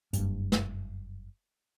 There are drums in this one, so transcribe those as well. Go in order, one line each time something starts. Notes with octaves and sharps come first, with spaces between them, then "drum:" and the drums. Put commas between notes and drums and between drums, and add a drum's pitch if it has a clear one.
F#1 G2, drum: hi-hat
drum: snare